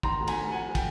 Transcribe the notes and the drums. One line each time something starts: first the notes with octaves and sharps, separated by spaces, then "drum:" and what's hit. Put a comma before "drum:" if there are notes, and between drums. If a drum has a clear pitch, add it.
D#3 A#5 C6, drum: kick
D2
G#5 A#5, drum: cymbal
D2
F3 F#5 G#5
F3
G5, drum: kick, cymbal